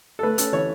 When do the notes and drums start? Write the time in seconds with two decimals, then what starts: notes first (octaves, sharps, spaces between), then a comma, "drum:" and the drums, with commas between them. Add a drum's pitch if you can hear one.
0.19 A4
0.23 A3 B4
0.38 C#4 A4, drum: hi-hat
0.53 E3 C#5